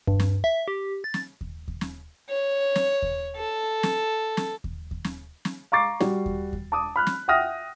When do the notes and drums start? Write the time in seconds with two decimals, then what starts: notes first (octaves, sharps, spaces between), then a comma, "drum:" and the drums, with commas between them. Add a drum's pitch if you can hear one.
0.07 G2, drum: kick D#2
0.20 drum: snare
0.44 E5
0.68 G4
1.04 A6
1.14 drum: snare
1.41 drum: kick D#2
1.68 drum: kick D#2
1.81 drum: snare
2.29 C#5
2.75 drum: snare
3.02 drum: kick D#2
3.36 A4
3.83 drum: snare
4.37 drum: snare
4.64 drum: kick D#2
4.91 drum: kick D#2
5.05 drum: snare
5.45 drum: snare
5.72 F5 A#5 C#6 D6 A6 C7
6.00 G3 F#4, drum: snare
6.26 drum: kick D#2
6.53 drum: kick D#2
6.72 A5 D6 D#6
6.96 B5 F6 F#6
7.07 drum: snare
7.28 E5 F#5 G5 D#6 F6 A#6